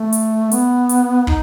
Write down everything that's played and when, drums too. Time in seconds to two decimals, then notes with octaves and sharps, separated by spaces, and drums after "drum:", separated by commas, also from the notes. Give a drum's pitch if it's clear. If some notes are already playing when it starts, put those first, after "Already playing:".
Already playing: A3
0.13 drum: hi-hat
0.52 B3, drum: hi-hat
0.89 drum: hi-hat
1.27 D#4, drum: kick